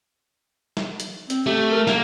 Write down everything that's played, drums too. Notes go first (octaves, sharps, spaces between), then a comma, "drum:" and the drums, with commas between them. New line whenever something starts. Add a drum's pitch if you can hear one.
drum: snare
drum: hi-hat
C4, drum: hi-hat
A3 G4
A#4
A#3, drum: snare